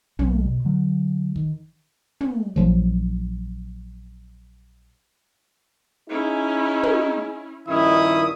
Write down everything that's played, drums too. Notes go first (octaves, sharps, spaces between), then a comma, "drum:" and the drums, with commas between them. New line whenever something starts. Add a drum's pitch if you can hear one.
B1 F#3, drum: tom
B2
D3 F#3
D#3, drum: kick
drum: tom
A#1 F3 F#3
C#4 D#4 E4 G#4
drum: tom
A#1 G2 D#3 C#4 E4 D#6